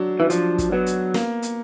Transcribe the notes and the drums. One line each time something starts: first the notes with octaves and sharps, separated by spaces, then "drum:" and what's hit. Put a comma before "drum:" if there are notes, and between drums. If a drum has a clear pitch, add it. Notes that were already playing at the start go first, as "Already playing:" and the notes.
Already playing: F#3 D4
E3
F3 D4, drum: hi-hat
drum: kick, hi-hat
F#3 B3
drum: hi-hat
A#3, drum: snare
drum: hi-hat